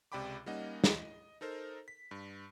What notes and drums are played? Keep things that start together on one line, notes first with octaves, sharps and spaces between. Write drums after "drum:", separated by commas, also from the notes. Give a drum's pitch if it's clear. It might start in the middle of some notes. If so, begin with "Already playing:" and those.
C#2 C3 D5 G5 B5 D6
G3 A#3 C#4 D#4 D#5 F#5
D#5, drum: snare
D#4 A4 A#4 C5
B6
G2